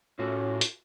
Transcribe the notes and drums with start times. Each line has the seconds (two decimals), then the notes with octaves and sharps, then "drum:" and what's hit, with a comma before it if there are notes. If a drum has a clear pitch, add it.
0.19 A2 C#4 F4 F#4 A4
0.61 drum: hi-hat